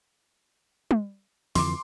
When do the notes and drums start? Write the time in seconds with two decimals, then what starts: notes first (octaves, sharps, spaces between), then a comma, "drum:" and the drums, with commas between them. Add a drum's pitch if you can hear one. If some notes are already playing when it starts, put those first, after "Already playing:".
0.91 drum: tom
1.55 F2 D3 E3 C6 D6, drum: open hi-hat